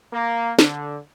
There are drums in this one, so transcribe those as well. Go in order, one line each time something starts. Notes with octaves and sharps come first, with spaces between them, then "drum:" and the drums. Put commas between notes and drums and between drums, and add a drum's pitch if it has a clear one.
A#3
D3, drum: snare